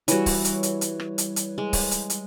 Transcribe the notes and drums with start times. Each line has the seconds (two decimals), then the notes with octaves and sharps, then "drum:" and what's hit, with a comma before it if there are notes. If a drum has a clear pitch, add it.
0.08 E3 G3 F#4 B4 C#5, drum: hi-hat
0.26 drum: kick C#1, open hi-hat
0.45 drum: hi-hat
0.63 drum: hi-hat
0.81 drum: hi-hat
1.00 drum: rim click
1.18 drum: hi-hat
1.36 drum: hi-hat
1.58 G#3
1.73 drum: kick C#1, open hi-hat
1.91 drum: hi-hat
2.10 drum: hi-hat